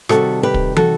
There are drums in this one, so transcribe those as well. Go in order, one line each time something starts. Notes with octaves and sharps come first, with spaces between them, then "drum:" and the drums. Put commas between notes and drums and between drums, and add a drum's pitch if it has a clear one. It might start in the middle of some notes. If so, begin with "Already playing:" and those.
C3 D#3 G3 F#4 A4, drum: rim click
G4 B4
drum: kick
F#4 A4, drum: tom